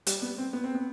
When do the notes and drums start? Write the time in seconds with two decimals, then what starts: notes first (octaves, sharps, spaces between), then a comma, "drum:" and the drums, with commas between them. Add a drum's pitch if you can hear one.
0.07 G3, drum: hi-hat
0.22 B3
0.38 C4
0.53 B3
0.64 C4
0.74 B3